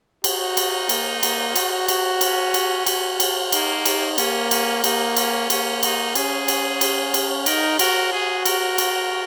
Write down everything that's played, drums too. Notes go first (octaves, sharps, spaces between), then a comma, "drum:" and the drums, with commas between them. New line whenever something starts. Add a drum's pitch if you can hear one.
D#4 F#4, drum: cymbal
drum: cymbal
A#3, drum: cymbal
A#3, drum: cymbal
F#4, drum: cymbal
drum: cymbal
C#4, drum: cymbal
drum: cymbal
F#4, drum: cymbal
drum: cymbal
A#3 D#4, drum: cymbal
drum: cymbal
A#3 C#4, drum: cymbal
C#4, drum: cymbal
A#3 D#4, drum: cymbal
C#4, drum: cymbal
A#3 C#4, drum: cymbal
D#4, drum: cymbal
C#4 G#4, drum: cymbal
drum: cymbal
drum: cymbal
drum: cymbal
D#4 A#4, drum: cymbal
F#4 A#4, drum: cymbal
F#4 G#4
A#4, drum: cymbal
drum: cymbal